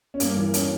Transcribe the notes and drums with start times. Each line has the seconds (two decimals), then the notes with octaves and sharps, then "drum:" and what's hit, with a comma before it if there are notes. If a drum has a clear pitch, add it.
0.14 C#4
0.20 G2 A#3, drum: hi-hat
0.36 E3 A#3
0.54 C#4, drum: hi-hat